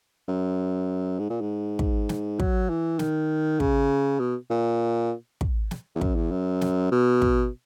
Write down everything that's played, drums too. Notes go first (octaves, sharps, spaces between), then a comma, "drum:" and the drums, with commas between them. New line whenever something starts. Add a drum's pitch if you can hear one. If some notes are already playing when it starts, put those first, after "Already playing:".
F#2
G#2
A#2
G#2
drum: kick
drum: snare
F#3, drum: kick
E3
D#3, drum: snare
C#3, drum: kick
B2
A#2
drum: kick
drum: snare
E2
F#2, drum: kick
E2
F#2
drum: snare
B2
drum: kick